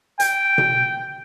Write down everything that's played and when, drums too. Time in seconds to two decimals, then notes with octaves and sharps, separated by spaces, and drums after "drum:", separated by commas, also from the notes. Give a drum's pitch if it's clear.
0.20 G5, drum: hi-hat
0.58 drum: tom B2